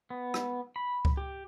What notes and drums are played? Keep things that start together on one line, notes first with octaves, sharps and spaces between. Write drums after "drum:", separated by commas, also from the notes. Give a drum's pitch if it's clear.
B3
drum: rim click
B5
drum: kick C#2
G4